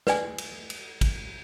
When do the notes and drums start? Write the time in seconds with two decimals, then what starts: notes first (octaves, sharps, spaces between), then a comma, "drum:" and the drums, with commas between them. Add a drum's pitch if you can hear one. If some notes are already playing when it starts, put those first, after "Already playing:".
0.07 B4 D5 G#5, drum: snare
0.38 drum: cymbal
0.70 drum: cymbal
1.01 drum: kick, cymbal